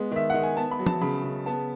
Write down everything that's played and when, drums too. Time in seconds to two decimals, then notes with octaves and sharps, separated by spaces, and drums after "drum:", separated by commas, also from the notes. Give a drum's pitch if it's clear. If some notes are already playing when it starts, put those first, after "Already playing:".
Already playing: G#3 B3
0.11 D#3 E5
0.30 D#3 F#5
0.43 G#5
0.57 B3 A5
0.71 B5
0.79 F#3
0.87 A5, drum: tom F3
1.01 C#3 B5
1.24 C#3
1.46 B3 A5